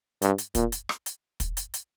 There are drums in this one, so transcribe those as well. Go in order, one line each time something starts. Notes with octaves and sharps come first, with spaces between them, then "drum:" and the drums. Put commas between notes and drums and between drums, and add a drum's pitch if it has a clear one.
G2, drum: hi-hat
drum: hi-hat
A#2, drum: kick, hi-hat
drum: hi-hat
drum: rim click
drum: hi-hat
drum: kick, hi-hat
drum: hi-hat
drum: hi-hat